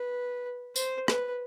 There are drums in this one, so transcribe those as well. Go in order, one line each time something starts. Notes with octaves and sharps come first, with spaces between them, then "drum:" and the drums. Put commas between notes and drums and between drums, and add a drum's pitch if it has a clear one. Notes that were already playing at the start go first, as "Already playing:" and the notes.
Already playing: B4
C5, drum: tambourine
B4, drum: rim click